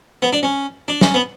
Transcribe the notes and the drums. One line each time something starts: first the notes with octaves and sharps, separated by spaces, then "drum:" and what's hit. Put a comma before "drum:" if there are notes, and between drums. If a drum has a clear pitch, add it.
B3
D4
C#4
D4
C#4, drum: snare
B3